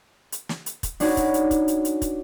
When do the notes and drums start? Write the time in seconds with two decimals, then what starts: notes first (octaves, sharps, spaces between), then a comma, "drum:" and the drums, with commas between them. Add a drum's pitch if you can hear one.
0.32 drum: hi-hat
0.49 drum: snare
0.66 drum: hi-hat
0.83 drum: kick, hi-hat
1.00 D4 D#4 F#4 C#5 G#5 B5, drum: open hi-hat
1.17 drum: kick, hi-hat
1.34 drum: hi-hat
1.51 drum: kick, hi-hat
1.68 drum: hi-hat
1.85 drum: hi-hat
2.02 drum: kick, hi-hat